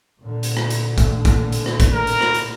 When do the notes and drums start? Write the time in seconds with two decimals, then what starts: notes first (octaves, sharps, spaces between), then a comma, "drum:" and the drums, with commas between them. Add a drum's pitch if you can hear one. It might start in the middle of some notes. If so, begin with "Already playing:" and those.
0.21 A#2 D3
0.43 drum: hi-hat
0.57 drum: rim click
0.70 drum: hi-hat
0.98 drum: kick, hi-hat
1.25 drum: kick, hi-hat
1.52 drum: hi-hat
1.66 drum: rim click
1.80 drum: kick, hi-hat
1.93 A#4
2.07 drum: hi-hat
2.21 drum: rim click
2.34 drum: hi-hat